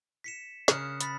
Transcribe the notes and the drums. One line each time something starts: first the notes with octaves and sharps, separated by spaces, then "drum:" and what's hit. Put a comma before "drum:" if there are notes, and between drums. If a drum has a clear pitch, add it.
B6 C#7 E7
C#3 G#4 A#4 D#6 F#6 C#7, drum: snare
B5 A6 B6, drum: hi-hat